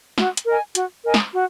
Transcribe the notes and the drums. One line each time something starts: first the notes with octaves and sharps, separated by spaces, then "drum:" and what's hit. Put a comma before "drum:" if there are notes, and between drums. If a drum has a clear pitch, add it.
F#4, drum: snare
drum: hi-hat
A#4 D#5 G#5
F#4, drum: hi-hat
A#4 D#5 G#5
drum: snare
F#4